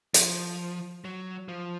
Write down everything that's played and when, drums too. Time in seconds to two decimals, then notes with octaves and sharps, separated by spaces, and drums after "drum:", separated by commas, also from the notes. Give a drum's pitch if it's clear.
0.14 F3, drum: hi-hat
1.05 F#3
1.48 F3